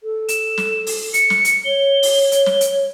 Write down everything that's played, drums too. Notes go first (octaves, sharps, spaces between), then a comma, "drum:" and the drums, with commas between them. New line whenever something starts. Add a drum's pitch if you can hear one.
A4
E7, drum: hi-hat
drum: snare
drum: open hi-hat
C#7, drum: hi-hat
drum: snare
drum: hi-hat
C#5 G7
drum: open hi-hat
drum: hi-hat
drum: snare
drum: hi-hat